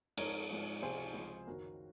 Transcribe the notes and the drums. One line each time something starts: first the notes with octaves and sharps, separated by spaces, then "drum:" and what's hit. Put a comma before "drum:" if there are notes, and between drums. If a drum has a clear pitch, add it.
G#2 F3 G#3 C4 A#4 C#5, drum: cymbal
G#2 F3 G#3 C4
C#2 C3 F3 G#4 C5
C#2 C3 F3
F#1 F#2 D#3 F#4 A#4